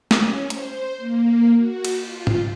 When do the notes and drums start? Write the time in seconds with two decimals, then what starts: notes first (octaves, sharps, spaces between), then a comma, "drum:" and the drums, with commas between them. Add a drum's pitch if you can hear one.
0.11 C#4, drum: snare
0.50 C5, drum: hi-hat
0.97 A#3
1.57 F#4
1.85 drum: cymbal
2.00 F4
2.27 drum: tom G#2